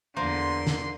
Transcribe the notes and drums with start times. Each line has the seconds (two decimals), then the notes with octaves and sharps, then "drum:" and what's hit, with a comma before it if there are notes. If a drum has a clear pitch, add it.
0.16 E2 D3 A#3 F4 C5 C6
0.67 drum: snare